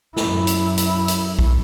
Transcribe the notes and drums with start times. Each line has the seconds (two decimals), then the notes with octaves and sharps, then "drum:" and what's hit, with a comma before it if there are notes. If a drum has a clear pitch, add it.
0.16 F#2 E4, drum: snare
0.47 drum: hi-hat
0.78 drum: hi-hat
1.08 drum: hi-hat
1.39 drum: kick B1